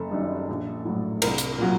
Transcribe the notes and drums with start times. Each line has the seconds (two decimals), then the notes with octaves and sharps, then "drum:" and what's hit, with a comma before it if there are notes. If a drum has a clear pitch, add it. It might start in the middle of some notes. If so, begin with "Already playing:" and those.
Already playing: F#1 A4
0.11 F#2 D#3 G3
0.49 A#1
0.85 A2 F#3
1.22 C2 A#4, drum: cymbal
1.38 drum: hi-hat
1.58 A#2 F#3